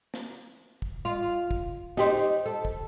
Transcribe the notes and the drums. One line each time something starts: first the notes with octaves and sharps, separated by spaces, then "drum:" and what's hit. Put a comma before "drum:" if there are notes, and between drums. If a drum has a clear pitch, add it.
drum: snare
drum: kick
F4
drum: kick
D#4 G4 C5, drum: snare
A4
drum: kick